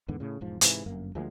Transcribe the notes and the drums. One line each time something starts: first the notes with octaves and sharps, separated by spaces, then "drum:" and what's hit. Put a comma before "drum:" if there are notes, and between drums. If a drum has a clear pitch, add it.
E2 G#2 D3 B3
A2 C#3
E1 G#2 F3
G#2 C3 D#3 E3, drum: hi-hat
G1 F#2 A#3
D2 F3 G#3 A#3